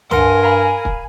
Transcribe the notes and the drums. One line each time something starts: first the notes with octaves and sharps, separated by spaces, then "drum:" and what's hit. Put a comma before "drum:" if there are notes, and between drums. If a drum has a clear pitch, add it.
G2 A#4 F#5 G#5 C6, drum: tom
F5 A#5 B5
drum: kick